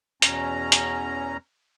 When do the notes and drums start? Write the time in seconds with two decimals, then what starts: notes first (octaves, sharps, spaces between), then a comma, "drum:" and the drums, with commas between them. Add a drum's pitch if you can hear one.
0.22 E2 B2 C#4 A#5, drum: hi-hat
0.72 drum: hi-hat